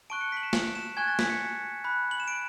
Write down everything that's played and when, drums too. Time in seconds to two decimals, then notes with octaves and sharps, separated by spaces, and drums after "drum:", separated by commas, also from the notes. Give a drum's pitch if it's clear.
0.10 A5 C#6 F#6 D7
0.21 C#7
0.32 B6 F#7
0.43 E7
0.53 F#7, drum: snare
0.75 E7
0.97 G#5 C#6 F#6 G#6
1.08 A6
1.19 B6, drum: snare
1.30 C#7
1.84 B5 F#6
2.11 F#7
2.20 E7
2.28 D7